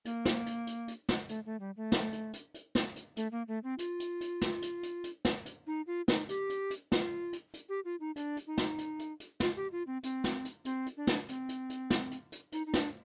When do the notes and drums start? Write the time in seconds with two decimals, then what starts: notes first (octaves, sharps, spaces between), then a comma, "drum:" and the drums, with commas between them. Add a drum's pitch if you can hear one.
0.05 A#3, drum: hi-hat
0.25 drum: snare
0.46 drum: hi-hat
0.67 drum: hi-hat
0.88 drum: hi-hat
1.09 drum: snare
1.29 A3, drum: hi-hat
1.46 A3
1.60 G3
1.77 A3
1.92 drum: snare
2.13 drum: hi-hat
2.33 drum: hi-hat
2.54 drum: hi-hat
2.75 drum: snare
2.96 drum: hi-hat
3.17 A3, drum: hi-hat
3.32 A#3
3.48 A3
3.64 C4
3.78 F4, drum: hi-hat
4.00 drum: hi-hat
4.21 drum: hi-hat
4.41 drum: snare
4.62 drum: hi-hat
4.83 drum: hi-hat
5.04 drum: hi-hat
5.25 drum: snare
5.45 drum: hi-hat
5.67 D#4
5.87 F4
6.08 D#4, drum: snare
6.29 G4, drum: hi-hat
6.49 drum: hi-hat
6.70 drum: hi-hat
6.92 F4, drum: snare
7.33 drum: hi-hat
7.54 drum: hi-hat
7.69 G4
7.85 F4
8.00 D#4
8.16 D4, drum: hi-hat
8.37 drum: hi-hat
8.47 D#4
8.58 drum: snare
8.78 drum: hi-hat
8.99 drum: hi-hat
9.20 drum: hi-hat
9.40 F4, drum: snare
9.56 G4
9.72 F4
9.87 C4
10.03 C4, drum: hi-hat
10.24 drum: snare
10.45 drum: hi-hat
10.65 C4, drum: hi-hat
10.86 drum: hi-hat
10.97 D4
11.07 drum: snare
11.29 C4, drum: hi-hat
11.49 drum: hi-hat
11.70 drum: hi-hat
11.90 drum: snare
12.11 drum: hi-hat
12.32 drum: hi-hat
12.52 D#4, drum: hi-hat
12.66 D#4
12.74 D4, drum: snare